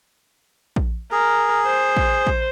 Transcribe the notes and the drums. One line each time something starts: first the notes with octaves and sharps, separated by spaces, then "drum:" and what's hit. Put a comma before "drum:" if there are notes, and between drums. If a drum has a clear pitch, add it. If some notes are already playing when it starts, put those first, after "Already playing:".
drum: kick A#1
G#4 A#4
C5
drum: kick A#1
drum: kick A#1